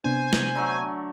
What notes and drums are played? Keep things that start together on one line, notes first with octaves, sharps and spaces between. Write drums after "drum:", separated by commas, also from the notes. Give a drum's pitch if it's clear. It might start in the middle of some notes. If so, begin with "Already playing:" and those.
C3 B3 D4 C5 G#5
drum: snare
D3 F#3 A3